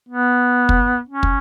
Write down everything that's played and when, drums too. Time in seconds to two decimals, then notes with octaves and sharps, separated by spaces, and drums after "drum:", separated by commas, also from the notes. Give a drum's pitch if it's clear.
0.09 B3
0.69 drum: kick
1.09 C#4
1.23 drum: kick